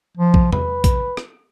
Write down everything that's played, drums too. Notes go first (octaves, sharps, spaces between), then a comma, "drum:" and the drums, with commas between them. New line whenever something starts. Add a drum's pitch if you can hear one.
F3
drum: kick
B4, drum: tom E2
drum: kick, hi-hat
drum: rim click